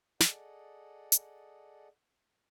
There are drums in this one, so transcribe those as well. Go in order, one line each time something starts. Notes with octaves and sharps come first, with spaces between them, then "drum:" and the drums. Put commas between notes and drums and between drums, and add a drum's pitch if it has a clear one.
G#4 A4 D5 D#5 F#5, drum: snare
drum: hi-hat